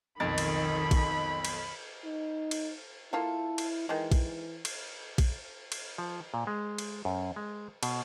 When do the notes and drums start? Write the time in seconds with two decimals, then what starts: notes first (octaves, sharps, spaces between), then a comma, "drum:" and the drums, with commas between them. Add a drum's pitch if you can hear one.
0.20 B1 F2 D#3 B5 A6
0.38 drum: cymbal
0.91 drum: kick A#1, cymbal
1.45 drum: cymbal
2.05 D#4
2.51 drum: cymbal
3.13 A#3 E4 F4 A4
3.58 drum: cymbal
3.89 D#3 E3 G#3
4.12 drum: kick A#1, cymbal
4.65 drum: cymbal
5.18 drum: kick A#1, cymbal
5.72 drum: cymbal
5.98 F3
6.34 A#2
6.47 G#3
6.78 drum: cymbal
7.05 F#2
7.36 G#3
7.83 B2, drum: cymbal